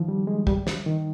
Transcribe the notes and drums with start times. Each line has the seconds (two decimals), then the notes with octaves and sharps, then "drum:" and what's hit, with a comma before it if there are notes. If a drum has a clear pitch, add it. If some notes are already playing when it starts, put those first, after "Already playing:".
Already playing: D#3 F3
0.08 G3
0.27 G#3
0.47 G3, drum: kick
0.67 drum: snare
0.86 D#3